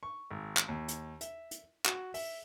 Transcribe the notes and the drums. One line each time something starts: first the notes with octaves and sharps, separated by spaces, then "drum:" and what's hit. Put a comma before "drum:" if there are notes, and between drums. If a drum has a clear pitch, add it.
C#6
G#1
drum: clap
D#2
drum: hi-hat
E5, drum: hi-hat
drum: hi-hat
F#4, drum: clap
E5, drum: open hi-hat